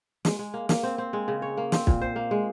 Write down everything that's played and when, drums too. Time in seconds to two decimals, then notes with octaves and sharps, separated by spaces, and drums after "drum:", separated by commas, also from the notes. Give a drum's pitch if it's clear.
0.25 G#3, drum: snare
0.39 G#3
0.54 A#3
0.69 A#3, drum: snare
0.83 C4
0.98 C4
1.13 G#3
1.28 C#3
1.42 C#5
1.57 A#3
1.72 C4, drum: snare
1.87 A#2, drum: kick
2.01 C5
2.16 A#3
2.31 G#3